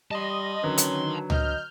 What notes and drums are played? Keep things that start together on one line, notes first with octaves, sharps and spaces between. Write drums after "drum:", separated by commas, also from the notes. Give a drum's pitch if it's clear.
G3 D#5 A5 C6
D3 D#3 F#3 C#4 B4
drum: hi-hat
D#5 F6 G6, drum: tom C#2